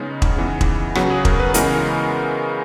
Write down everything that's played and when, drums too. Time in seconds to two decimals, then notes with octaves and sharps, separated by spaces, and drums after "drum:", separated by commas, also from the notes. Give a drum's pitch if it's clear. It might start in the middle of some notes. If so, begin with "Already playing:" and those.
Already playing: C#3 G#3 B3 C#4 D#4
0.22 D#4, drum: kick E1
0.36 C#3 E3 B3
0.61 drum: kick E1
0.95 C#3 F#3 B3 F#4, drum: rim click
1.10 G#4
1.25 A#4, drum: kick E1
1.40 B4
1.54 C#3 E3 G#3 B3 A#4, drum: hi-hat